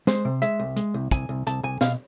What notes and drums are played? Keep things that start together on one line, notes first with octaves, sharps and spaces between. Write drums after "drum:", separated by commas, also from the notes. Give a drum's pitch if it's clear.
G#3 C5, drum: snare
C3
G#3 E5, drum: hi-hat
C2
G#3, drum: hi-hat
C2
C2 G#5, drum: kick, hi-hat
C2
C2 A5, drum: hi-hat
C2 G#5
B2 F5, drum: snare